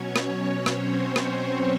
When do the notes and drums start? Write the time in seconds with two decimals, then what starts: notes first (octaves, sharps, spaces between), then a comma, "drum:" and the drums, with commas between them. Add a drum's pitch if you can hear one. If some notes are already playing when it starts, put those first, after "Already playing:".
Already playing: B2 F#3 C#4 C#5
0.16 drum: rim click
0.66 C4 C5, drum: rim click
1.16 C4 C5, drum: rim click